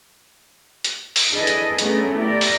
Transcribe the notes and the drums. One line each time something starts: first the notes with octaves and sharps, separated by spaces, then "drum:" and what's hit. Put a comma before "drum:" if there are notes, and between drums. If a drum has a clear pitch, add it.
drum: hi-hat
drum: open hi-hat
D4 E4 G#4 A4 B4 D#5
drum: hi-hat
A3 B3 C#4 D4 G#4 A#4, drum: hi-hat
E4 G4 A#4 D5
drum: open hi-hat